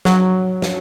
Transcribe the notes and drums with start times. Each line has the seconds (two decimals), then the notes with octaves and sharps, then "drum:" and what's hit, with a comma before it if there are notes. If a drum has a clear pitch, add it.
0.05 F#3, drum: snare
0.62 drum: snare